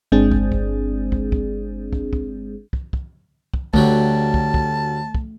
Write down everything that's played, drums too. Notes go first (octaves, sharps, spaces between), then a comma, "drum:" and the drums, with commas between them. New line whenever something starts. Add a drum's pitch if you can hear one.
G1 G#3 C4 D4 G#4
drum: kick
drum: kick
drum: kick
drum: kick
drum: kick
drum: kick
drum: kick
drum: kick
drum: kick
D2 F#3 G3 A3 A5, drum: kick
drum: kick
drum: kick
drum: kick